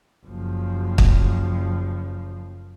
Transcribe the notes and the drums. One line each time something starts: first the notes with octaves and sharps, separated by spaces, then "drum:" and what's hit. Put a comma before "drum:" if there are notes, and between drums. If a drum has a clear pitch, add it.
F#1 F3
drum: kick